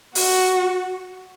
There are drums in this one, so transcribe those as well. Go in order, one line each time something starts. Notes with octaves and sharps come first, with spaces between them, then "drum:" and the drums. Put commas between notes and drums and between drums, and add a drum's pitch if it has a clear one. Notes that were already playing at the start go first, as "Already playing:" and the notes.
F#4, drum: open hi-hat